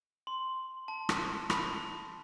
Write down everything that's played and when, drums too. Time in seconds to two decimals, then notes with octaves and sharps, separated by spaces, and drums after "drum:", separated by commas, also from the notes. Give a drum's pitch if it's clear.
0.27 C6
0.88 A5
1.09 drum: rim click
1.50 B5, drum: rim click